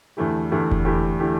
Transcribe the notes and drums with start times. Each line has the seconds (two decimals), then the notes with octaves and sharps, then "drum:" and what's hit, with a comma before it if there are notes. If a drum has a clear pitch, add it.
0.17 E2 D3 A3 E4 G4
0.51 E2 D3 A3 E4 G4
0.71 drum: kick F1
0.85 E2 D3 A3 E4 G4
1.20 D3 A3 E4 G4